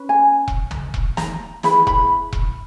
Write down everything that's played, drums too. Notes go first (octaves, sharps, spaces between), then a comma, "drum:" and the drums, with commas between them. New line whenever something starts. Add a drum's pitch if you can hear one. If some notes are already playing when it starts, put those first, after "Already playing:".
Already playing: C#4 B4
G#5
drum: kick E1
drum: tom
drum: kick E1
A#5, drum: snare
E4 G#4 B4 B5, drum: snare
B5, drum: kick E1
drum: kick E1